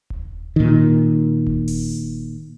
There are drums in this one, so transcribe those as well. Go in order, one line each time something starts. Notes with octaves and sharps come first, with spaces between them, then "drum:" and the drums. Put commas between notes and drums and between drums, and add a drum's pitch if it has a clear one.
drum: kick D#1
A#2 D#3
drum: kick D#1
drum: open hi-hat